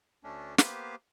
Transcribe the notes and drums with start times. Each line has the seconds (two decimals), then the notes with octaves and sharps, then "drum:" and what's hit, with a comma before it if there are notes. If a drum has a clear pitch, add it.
0.24 D2 A3 C#4 D4
0.58 A#3 B3 G4 B4 C5 F5, drum: snare